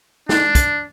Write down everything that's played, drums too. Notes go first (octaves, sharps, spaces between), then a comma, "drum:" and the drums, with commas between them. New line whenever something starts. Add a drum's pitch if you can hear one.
D4, drum: snare
drum: kick, hi-hat